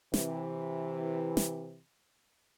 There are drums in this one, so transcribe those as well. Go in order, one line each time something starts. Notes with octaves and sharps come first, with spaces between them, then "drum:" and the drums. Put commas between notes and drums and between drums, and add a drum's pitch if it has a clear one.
C3 E3, drum: snare
drum: snare